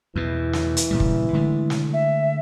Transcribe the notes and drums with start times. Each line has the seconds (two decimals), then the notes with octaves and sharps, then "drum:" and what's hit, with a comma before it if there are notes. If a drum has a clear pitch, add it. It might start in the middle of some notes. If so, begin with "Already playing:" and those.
0.16 E2 B2 E3
0.53 drum: snare
0.77 drum: hi-hat
0.91 A#2 C#3 G3
1.00 drum: kick
1.33 D3 G#3 A3
1.70 drum: snare
1.93 E5